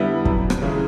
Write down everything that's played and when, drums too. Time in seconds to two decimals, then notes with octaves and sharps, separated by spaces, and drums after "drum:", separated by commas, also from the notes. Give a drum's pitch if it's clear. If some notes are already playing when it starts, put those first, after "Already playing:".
Already playing: D3 G3 B3 E4
0.25 F#2, drum: kick
0.50 drum: rim click
0.62 C#3 E3 G#3